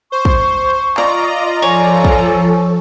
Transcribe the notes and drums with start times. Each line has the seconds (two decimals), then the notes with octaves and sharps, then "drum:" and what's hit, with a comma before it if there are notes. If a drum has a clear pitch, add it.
0.12 C5 C#6
0.25 drum: kick
0.97 F4 D5 D#5 A#5, drum: clap
1.62 F3 A4 C#5 G#5
2.04 drum: kick